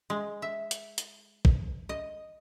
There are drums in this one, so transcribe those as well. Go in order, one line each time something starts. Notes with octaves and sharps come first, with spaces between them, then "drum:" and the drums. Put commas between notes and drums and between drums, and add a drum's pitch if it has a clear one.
G#3
E5
drum: hi-hat
drum: hi-hat
drum: kick
D#5